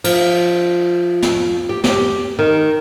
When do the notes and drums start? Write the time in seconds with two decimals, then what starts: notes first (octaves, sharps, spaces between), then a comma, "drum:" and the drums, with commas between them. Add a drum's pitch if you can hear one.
0.04 F3, drum: cymbal
1.23 drum: snare
1.69 G4
1.84 G4, drum: snare
2.39 D#3